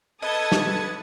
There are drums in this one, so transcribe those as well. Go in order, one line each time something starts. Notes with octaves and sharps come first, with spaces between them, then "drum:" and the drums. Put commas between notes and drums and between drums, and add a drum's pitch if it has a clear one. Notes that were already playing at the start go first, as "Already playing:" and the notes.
A4 B4 D#5 A5 D#6 G#6 A6 C#7
drum: snare